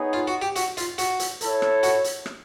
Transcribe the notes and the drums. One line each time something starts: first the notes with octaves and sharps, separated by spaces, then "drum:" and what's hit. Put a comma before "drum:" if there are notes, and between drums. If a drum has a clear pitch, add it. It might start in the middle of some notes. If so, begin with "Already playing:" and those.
Already playing: B3 D#4 G#4 C#5
F4
F#4
G4
F#4, drum: hi-hat
F4, drum: hi-hat
F#4, drum: hi-hat
drum: hi-hat
E4 A4 C#5, drum: hi-hat
drum: rim click
F#4, drum: hi-hat
drum: hi-hat
drum: rim click